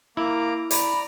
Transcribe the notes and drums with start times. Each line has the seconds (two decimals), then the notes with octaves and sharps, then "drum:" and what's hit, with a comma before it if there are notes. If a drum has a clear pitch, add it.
0.17 A#3 E4 A#5 D6
0.71 D5 A#5 B5, drum: hi-hat